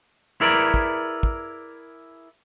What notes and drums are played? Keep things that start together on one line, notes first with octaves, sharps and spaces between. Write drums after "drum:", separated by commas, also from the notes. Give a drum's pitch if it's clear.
E4 G#4 A#4 B4 D5
drum: kick
drum: kick